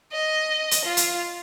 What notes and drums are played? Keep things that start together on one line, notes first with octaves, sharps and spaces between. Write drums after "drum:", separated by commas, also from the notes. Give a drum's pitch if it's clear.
D#5
drum: hi-hat
F4
drum: hi-hat